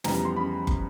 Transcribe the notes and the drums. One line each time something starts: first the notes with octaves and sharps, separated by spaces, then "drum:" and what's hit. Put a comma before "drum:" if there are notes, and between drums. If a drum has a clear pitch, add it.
F2 C#3 E3 G3 B3 A#5, drum: snare
A#5
C6
C#3 B5
drum: kick